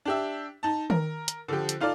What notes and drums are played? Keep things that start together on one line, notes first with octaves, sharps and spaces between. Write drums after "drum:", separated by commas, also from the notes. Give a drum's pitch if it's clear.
D4 G4 E5
D#4 A5
A#4, drum: tom D#3
drum: hi-hat
D3 F3 G4
drum: hi-hat
D#4 F4 A4 D5